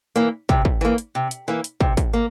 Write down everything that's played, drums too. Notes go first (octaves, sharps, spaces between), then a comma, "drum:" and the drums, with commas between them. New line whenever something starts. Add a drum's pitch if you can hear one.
E3 A#3
C3, drum: kick
drum: kick
E3 A#3
drum: hi-hat
C3
drum: hi-hat
E3 A#3
drum: hi-hat
C3, drum: kick
drum: kick, hi-hat
A#3